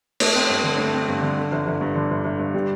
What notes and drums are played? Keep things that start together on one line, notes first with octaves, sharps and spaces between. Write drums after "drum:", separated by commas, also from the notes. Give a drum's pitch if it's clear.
A3, drum: cymbal
C4
G2
D3
A3
C4
G2
D3
D3
G1
G1
G2
D3
G1
G1
G2
G3